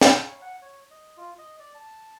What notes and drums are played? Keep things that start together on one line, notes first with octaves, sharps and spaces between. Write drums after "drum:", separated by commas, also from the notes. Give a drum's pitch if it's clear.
A5, drum: snare
C#5
F#5
C#5
D#5
F4
D#5
D5
A5